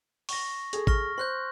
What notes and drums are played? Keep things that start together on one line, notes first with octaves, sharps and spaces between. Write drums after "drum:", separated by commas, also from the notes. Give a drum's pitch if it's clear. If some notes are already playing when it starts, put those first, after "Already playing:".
C#6 A#6, drum: open hi-hat
G#4 A4, drum: hi-hat
C#6 F6 A#6, drum: kick G#1
C5 C6 F#6 G6